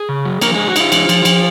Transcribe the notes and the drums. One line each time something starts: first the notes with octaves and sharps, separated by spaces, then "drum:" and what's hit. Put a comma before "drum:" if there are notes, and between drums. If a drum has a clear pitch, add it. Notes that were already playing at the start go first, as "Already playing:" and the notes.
Already playing: G#4 G#5
C#3
F#3
F3 A#3 A#4, drum: cymbal
G#3 D#4 G#4
F#4
D#4 F4, drum: cymbal
F3, drum: cymbal
F3, drum: cymbal
F3, drum: cymbal